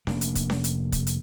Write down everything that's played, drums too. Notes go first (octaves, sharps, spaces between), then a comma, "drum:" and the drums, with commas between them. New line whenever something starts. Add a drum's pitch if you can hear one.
F1 A#3 D4, drum: snare C#4
drum: hi-hat
drum: kick, hi-hat
drum: snare C#4
drum: hi-hat
drum: kick, hi-hat
drum: hi-hat